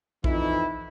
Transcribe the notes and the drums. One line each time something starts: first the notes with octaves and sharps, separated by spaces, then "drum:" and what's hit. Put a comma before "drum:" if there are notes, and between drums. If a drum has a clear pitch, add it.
F2 E3 D#4 E4, drum: kick